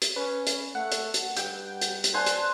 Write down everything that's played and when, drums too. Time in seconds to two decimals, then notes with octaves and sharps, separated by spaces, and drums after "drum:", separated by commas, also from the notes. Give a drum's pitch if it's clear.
0.02 drum: hi-hat
0.16 C#4 B4
0.47 drum: hi-hat
0.75 A3 F#5
0.92 drum: hi-hat
1.14 drum: hi-hat
1.37 G2 G5, drum: hi-hat
1.81 drum: hi-hat
2.04 drum: hi-hat
2.14 C5 D5 G#5 A5 F#6
2.26 drum: hi-hat